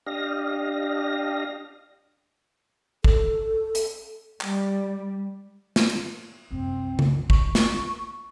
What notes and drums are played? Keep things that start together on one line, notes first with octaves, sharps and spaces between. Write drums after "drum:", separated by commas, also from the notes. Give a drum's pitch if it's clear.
D4 G4 D#5 F5 A#6
A4, drum: kick
drum: hi-hat
G3, drum: clap
drum: snare
drum: cymbal
C2 F#2 C4
drum: tom C#3
C#6, drum: kick
drum: snare